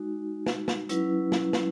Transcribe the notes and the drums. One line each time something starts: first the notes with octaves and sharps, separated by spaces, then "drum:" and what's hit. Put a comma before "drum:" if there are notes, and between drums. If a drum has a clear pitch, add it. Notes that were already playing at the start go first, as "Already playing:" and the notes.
Already playing: G#3 D#4 F#4
drum: snare
drum: snare
F#3 C#4 E4 B4, drum: hi-hat
drum: snare
drum: snare